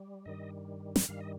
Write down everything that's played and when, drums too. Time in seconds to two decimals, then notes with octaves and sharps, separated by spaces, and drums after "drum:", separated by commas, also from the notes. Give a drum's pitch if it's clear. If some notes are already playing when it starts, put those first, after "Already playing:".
Already playing: G3
0.26 G2 D#3 G3 D#5
0.96 drum: snare
1.08 G2 D#3 G3 F5
1.20 D#5